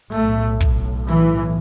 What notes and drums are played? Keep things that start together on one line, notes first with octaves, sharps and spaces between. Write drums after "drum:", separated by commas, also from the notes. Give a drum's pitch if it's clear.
B1 A2 A3, drum: hi-hat
drum: kick, hi-hat
E3, drum: hi-hat